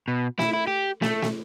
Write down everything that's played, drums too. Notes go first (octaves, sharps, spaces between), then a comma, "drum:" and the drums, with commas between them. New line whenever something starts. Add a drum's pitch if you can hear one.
B2
E4, drum: snare
E4
G4
A3, drum: snare
drum: snare